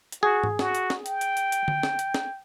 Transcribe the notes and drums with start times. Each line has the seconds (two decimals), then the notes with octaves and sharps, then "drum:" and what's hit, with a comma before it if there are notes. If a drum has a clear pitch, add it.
0.12 drum: hi-hat
0.23 F#4 G#4
0.44 drum: tom G#2
0.59 F#4, drum: snare
0.75 drum: hi-hat
0.90 drum: snare
1.06 G5, drum: hi-hat
1.21 drum: hi-hat
1.37 drum: hi-hat
1.52 drum: hi-hat
1.68 drum: tom D3
1.83 drum: snare
1.99 drum: hi-hat
2.14 drum: snare